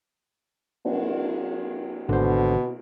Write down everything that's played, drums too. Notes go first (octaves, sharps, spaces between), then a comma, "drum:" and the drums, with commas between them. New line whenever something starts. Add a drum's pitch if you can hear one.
drum: cymbal
G#1 B2 D3 C5